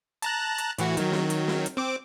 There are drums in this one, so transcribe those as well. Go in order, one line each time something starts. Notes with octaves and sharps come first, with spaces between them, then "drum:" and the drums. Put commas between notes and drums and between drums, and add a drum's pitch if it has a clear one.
A5 A#5 F#6, drum: hi-hat
drum: hi-hat
A2 E3 F#4, drum: hi-hat
D#3 F#3, drum: hi-hat
drum: snare
drum: hi-hat
drum: snare
drum: hi-hat
C4 D6